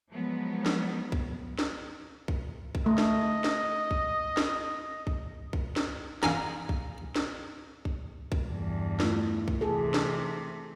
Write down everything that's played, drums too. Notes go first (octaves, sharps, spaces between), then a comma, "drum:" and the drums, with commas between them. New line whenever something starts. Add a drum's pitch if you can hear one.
F3 F#3 G#3 B3
drum: snare
drum: kick
drum: snare
drum: kick
drum: kick
A3 D#5
drum: snare
drum: snare
drum: kick
drum: snare
drum: kick
drum: kick
drum: snare
F5 G#5 A#5, drum: snare
drum: kick
drum: snare
drum: kick
drum: kick
E2 G2
A3 E4 F4, drum: snare
drum: kick
C3 E3 G#4 A4
drum: snare